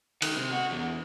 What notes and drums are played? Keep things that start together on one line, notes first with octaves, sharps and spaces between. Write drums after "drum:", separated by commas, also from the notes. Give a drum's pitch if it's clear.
D#3, drum: cymbal
C3
F#4
E2